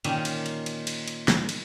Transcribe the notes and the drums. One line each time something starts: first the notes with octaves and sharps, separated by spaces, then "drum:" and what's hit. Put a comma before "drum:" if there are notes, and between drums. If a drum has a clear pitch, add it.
A#2 D#3 C#4, drum: cymbal
drum: cymbal
drum: cymbal
drum: cymbal
drum: cymbal
drum: cymbal
drum: snare
drum: cymbal